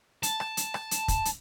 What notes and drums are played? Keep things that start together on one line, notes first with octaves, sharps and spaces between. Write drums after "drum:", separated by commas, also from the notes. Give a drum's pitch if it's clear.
A5, drum: hi-hat
drum: rim click
drum: hi-hat
drum: rim click
drum: hi-hat
drum: kick, hi-hat
drum: hi-hat